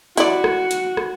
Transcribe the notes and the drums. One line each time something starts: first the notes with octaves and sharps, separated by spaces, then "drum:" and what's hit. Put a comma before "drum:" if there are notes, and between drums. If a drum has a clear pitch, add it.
E4 F#4 D5, drum: hi-hat
drum: rim click
drum: hi-hat
drum: rim click